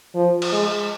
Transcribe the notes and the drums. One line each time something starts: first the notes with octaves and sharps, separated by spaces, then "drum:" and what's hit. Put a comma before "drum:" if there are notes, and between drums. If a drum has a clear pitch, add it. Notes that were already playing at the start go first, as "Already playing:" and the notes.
F3
drum: cymbal
G#3